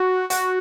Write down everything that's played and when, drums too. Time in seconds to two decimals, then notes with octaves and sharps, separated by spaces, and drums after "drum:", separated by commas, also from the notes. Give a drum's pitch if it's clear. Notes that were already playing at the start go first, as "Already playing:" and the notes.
Already playing: F#4
0.30 F#4, drum: hi-hat